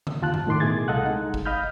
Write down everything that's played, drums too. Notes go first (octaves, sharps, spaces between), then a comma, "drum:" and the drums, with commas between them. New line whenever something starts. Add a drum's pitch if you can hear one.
drum: tom C#3
D#2 F4 A5 F#6
drum: tom G2
A2 D#3 C6 D6
B2 A3 E4 G#4 G#6 A6
C2 A4 D#5 F5 F#5 F#6
G#3 D#4
drum: kick
D#5 F5 B5 F6 G6